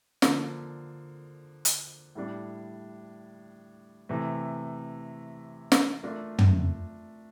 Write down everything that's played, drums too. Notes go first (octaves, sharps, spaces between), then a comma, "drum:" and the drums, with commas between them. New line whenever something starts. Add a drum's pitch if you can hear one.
D3 F3 A#3, drum: snare
drum: hi-hat
A2 G3 D4
C3 E3 A3
drum: snare
A3 D4 F4 A#4
drum: tom